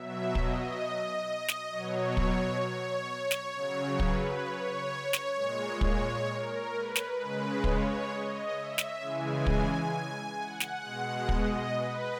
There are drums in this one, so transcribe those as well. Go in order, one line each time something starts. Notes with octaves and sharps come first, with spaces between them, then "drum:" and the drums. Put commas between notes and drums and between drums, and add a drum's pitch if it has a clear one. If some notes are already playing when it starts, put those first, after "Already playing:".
Already playing: B2 F#3 E5
D#5, drum: kick
drum: snare
B2 F#3 C#5
drum: kick
C#5
drum: snare
C#3 F#3
B4, drum: kick
C#5
drum: snare
A#2 G#3
C#5, drum: kick
A#4
B4
drum: snare
C#3 G#3 B4
C#5, drum: kick
D#5
E5
drum: snare
C#3 E3 G#3 G#5
drum: kick
F#5
drum: snare
B2 G#3
D#5, drum: kick
B4